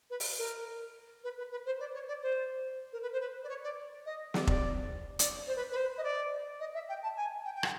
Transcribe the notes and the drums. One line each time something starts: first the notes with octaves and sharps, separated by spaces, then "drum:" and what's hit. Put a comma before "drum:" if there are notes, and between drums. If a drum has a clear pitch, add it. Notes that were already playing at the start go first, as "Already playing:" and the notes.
B4
drum: open hi-hat
A#4
B4
B4
B4
C5
D5
C#5
D5
C5
A#4
B4
C5
B4
D5
C#5
D5
D#5
D5, drum: snare
D5, drum: kick F1
D5, drum: hi-hat
C5
B4
B4
C5
D#5
D5
D#5
E5
G5
A5
G#5
G5
G5
F#5, drum: rim click